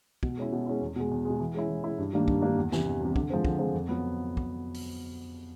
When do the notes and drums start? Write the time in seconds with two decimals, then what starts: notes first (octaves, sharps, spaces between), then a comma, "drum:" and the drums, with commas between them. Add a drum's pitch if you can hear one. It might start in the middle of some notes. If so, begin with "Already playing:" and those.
0.23 B2, drum: kick
0.37 G#3 C#4 E4
0.52 B2
0.67 G#3 C#4 E4
0.82 E2
0.96 B2 G#3
1.11 E2
1.25 B2 G#3
1.40 E3
1.54 G#3 C#4 E4
1.69 E3
1.84 G#3 C#4 E4
1.98 G2
2.13 D#3 G3 A#3 D4
2.28 G2, drum: kick
2.42 D#3 G3 A#3 D4
2.57 E2
2.72 C3 E3 G3, drum: snare
2.87 E2
3.00 C3 E3 G3
3.16 D3, drum: kick
3.30 F3 G#3 C4
3.45 D3, drum: kick
3.59 F3 G#3 C4
3.74 F2
3.89 F#3 B3
4.37 drum: kick
4.74 drum: open hi-hat